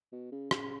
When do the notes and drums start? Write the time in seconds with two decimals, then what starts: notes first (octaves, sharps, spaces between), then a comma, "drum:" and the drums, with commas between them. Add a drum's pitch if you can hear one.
0.12 B2
0.32 C#3
0.51 C#3, drum: rim click